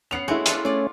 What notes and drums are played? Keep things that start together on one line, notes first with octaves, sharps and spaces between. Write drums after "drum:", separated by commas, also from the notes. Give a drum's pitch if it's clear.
B3 C#4 C7 C#7 F7
G#3 A3 E4 F#4 G#4
D4 F4 A4, drum: hi-hat
A3 C#4 F4 C#5 D5